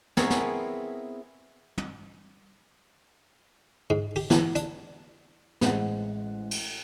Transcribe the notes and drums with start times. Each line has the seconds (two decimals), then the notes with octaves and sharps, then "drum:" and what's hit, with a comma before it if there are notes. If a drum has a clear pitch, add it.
0.17 B3 C4 E4 G#4 A#4 C#5, drum: snare
0.30 drum: snare
1.78 drum: tom
3.90 G#2
4.16 G4, drum: open hi-hat
4.30 E3, drum: snare
4.55 D4, drum: hi-hat
5.61 A1 G#3 C5 F#5, drum: snare
6.51 drum: cymbal